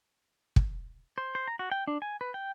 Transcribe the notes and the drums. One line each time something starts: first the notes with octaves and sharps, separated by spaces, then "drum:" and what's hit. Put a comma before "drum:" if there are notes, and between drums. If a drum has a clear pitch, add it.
drum: kick
C5
C5
A#5
F#4
G5
D4
G#5
B4
G5